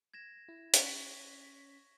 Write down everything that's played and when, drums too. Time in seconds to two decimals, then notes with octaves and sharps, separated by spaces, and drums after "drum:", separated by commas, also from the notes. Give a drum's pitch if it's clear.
0.14 G#6 A#6 E7
0.49 E4
0.74 C#4 C#6 B6, drum: hi-hat